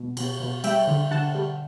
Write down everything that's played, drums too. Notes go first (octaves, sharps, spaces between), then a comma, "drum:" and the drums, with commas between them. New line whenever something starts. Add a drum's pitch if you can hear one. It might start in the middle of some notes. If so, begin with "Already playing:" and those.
Already playing: B2 G3
B2, drum: cymbal
B2
G3 E5 G5, drum: cymbal
D3
D3 F#5 A5
G3